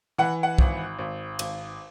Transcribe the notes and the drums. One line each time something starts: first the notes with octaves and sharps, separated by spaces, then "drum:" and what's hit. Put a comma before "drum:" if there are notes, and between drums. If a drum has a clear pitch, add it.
E3 F#5
F#5
G#1, drum: kick
G#1
G#1, drum: cymbal